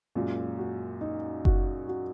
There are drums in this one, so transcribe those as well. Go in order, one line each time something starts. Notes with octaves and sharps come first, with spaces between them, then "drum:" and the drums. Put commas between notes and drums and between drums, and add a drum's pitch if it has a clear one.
F#2 A#2 G#3
F#4
D#4
F#4, drum: kick F#1
F#4